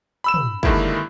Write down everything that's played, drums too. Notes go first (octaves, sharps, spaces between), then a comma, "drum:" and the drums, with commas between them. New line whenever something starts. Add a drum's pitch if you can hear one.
B5 E6 E7
drum: tom
G2 D3 D#3 G#3 A#3 E4, drum: kick